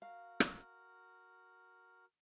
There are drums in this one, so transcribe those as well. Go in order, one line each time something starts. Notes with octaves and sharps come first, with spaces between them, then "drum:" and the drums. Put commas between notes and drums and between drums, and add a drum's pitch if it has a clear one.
F#4 A#4 F5
drum: rim click